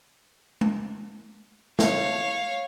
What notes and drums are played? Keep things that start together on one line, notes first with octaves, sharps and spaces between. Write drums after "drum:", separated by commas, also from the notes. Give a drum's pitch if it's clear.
drum: tom G#3
C#5 F5, drum: snare